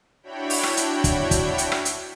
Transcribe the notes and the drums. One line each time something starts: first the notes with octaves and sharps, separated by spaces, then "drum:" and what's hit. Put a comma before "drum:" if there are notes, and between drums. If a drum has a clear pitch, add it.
D4 E4 F#4 C#5 G5 B5
drum: open hi-hat
drum: rim click
drum: hi-hat
drum: kick, hi-hat
drum: kick, hi-hat
drum: hi-hat
drum: rim click
drum: hi-hat